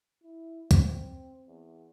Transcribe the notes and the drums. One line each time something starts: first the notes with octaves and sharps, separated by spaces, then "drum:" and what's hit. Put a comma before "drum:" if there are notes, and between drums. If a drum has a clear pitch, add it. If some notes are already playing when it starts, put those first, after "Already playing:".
E4
C4, drum: kick, hi-hat
E2